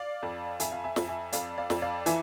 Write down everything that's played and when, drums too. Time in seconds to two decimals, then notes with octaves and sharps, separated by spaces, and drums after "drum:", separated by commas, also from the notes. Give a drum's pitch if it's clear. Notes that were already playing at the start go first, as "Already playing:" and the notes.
Already playing: D5 F5
0.23 F2
0.60 F2 E5 G#5, drum: hi-hat
0.72 F5
0.84 E5 G#5
0.96 F2, drum: snare
1.08 E5 G#5
1.32 F2 D5 F5, drum: hi-hat
1.58 D5 F5
1.70 F2, drum: snare
1.82 D5 F5
2.06 E3 E5 G#5, drum: hi-hat